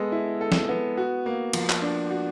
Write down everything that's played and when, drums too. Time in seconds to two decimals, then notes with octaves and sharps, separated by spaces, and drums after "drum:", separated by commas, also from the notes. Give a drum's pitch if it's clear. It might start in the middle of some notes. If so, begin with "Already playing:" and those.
Already playing: G#3 B3 A4
0.12 E4
0.41 A4
0.52 drum: snare
0.69 B3
0.97 F#4
1.26 A#3
1.53 F3, drum: cymbal
1.69 drum: clap
1.82 D4
2.11 F#4